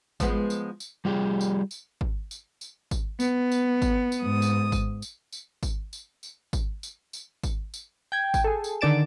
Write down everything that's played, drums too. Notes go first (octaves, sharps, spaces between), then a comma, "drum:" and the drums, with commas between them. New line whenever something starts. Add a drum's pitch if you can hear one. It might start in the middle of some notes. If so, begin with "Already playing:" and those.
F3 G#3 B3, drum: kick G#1, tambourine
drum: tambourine
drum: tambourine
G3 F4 G4 G#4
drum: tambourine
drum: tambourine
drum: kick G#1
drum: tambourine
drum: tambourine
drum: kick G#1, tambourine
B3, drum: tambourine
drum: tambourine
drum: kick G#1, tambourine
drum: tambourine
G#2 D#6
drum: tambourine
drum: kick G#1, tambourine
drum: tambourine
drum: tambourine
drum: kick G#1, tambourine
drum: tambourine
drum: tambourine
drum: kick G#1, tambourine
drum: tambourine
drum: tambourine
drum: kick G#1, tambourine
drum: tambourine
G5 G#6
drum: kick G#1, tambourine
G#4 A4
drum: tambourine
D3 D#3 D5 A6 D7 E7